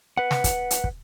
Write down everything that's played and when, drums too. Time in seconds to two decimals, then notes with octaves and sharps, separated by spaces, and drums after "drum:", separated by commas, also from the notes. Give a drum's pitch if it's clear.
0.17 B4 F#5
0.31 drum: snare
0.44 drum: kick, hi-hat
0.71 drum: hi-hat
0.84 drum: kick